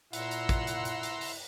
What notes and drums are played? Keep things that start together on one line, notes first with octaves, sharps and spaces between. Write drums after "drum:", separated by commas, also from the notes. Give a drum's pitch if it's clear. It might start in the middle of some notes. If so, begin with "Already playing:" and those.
A#2 E4 F#5 A#5 C6 E6, drum: hi-hat
drum: hi-hat
drum: kick, hi-hat
drum: hi-hat
drum: hi-hat
drum: hi-hat
drum: open hi-hat